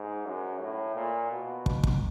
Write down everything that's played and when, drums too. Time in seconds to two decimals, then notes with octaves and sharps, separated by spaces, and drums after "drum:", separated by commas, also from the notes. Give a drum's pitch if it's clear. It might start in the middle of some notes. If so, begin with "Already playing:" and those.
Already playing: G#2
0.26 F#2
0.62 A2
0.95 A#2
1.32 B2
1.66 drum: kick
1.84 drum: kick